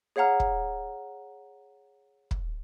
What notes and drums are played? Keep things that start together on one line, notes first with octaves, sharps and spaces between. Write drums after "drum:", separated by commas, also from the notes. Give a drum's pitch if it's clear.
G#4 C#5 F5 F#5 A#5 F6
drum: kick
drum: kick